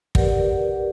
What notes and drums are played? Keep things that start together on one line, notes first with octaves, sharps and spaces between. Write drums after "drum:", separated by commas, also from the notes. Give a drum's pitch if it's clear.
G4 A#4 B4 D5 F#5, drum: kick